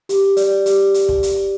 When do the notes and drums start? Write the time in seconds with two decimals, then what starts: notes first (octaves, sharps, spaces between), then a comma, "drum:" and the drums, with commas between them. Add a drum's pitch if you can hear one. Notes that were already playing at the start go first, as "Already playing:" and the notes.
0.09 G4, drum: hi-hat
0.37 D5, drum: hi-hat
0.66 G4, drum: hi-hat
0.94 drum: hi-hat
1.09 drum: kick
1.23 drum: hi-hat